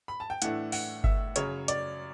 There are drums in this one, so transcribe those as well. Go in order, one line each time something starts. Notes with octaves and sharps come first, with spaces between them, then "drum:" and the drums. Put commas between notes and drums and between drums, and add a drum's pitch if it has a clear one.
B5
A5
G5
A2 E3 A3 D4 F#5, drum: hi-hat
F#5, drum: open hi-hat
E5, drum: kick G1
F#2 C#3 F#3 C#5, drum: hi-hat
D5, drum: hi-hat